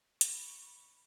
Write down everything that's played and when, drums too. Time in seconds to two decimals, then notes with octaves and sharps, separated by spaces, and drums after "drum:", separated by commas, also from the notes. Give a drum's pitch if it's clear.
0.21 B5 C#6, drum: hi-hat